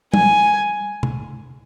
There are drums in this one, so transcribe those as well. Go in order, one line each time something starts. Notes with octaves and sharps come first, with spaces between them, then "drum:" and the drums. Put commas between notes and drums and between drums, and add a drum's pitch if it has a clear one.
G#5, drum: tom
drum: tom C3